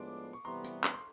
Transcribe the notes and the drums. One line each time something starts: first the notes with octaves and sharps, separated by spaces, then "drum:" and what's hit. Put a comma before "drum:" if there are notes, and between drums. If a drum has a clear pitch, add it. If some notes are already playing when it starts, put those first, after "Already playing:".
Already playing: A2 F3 G#3 B3 D4 C6 D6
C#6
C3 E3 G3 B3 A#5 C6
drum: hi-hat
drum: clap
C6